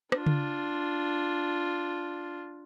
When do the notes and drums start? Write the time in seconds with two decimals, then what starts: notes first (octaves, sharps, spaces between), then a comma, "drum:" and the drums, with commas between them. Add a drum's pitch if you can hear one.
0.12 D4 F4, drum: rim click
0.26 drum: tom C#3